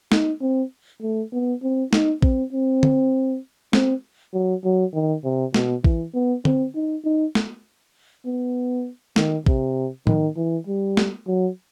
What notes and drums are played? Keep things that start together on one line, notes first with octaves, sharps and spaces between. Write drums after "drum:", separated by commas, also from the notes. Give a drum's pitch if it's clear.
D#4, drum: snare
C4
A3
B3
C4
D#4, drum: snare
C4, drum: kick A1
C4
drum: tom D3
C4, drum: snare
F#3
F#3
D#3
C3
B2, drum: snare
E3, drum: kick A1
B3
C4, drum: tom D3
D#4
D#4
drum: snare
B3
D#3, drum: snare
C3, drum: kick A1
D#3, drum: tom A2
E3
G3
drum: snare
F#3